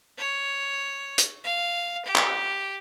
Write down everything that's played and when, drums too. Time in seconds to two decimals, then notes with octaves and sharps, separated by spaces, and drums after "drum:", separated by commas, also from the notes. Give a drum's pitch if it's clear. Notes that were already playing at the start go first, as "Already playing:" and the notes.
0.18 C#5
1.18 drum: hi-hat
1.44 F5
2.05 G4
2.15 drum: clap